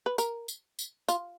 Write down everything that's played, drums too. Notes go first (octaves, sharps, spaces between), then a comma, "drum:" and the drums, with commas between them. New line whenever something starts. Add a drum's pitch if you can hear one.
B4
A#4, drum: tambourine
drum: tambourine
drum: tambourine
F4, drum: tambourine